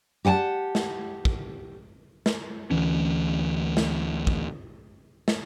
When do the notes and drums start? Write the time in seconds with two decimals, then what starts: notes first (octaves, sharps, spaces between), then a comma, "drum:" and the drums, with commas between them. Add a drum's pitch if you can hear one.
0.25 G4 F#5 G#5 A5
0.75 drum: snare
1.25 drum: kick
2.26 drum: snare
2.71 D2 E3 C#4
3.77 drum: snare
4.27 drum: kick
5.28 drum: snare